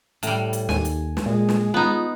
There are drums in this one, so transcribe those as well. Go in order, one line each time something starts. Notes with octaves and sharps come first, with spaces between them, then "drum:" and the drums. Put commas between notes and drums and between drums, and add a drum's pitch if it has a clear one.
A2 G3, drum: hi-hat
drum: hi-hat
D#2 G#5, drum: snare
drum: hi-hat
drum: snare
A#2 G#3
drum: snare
B3 D#4 F4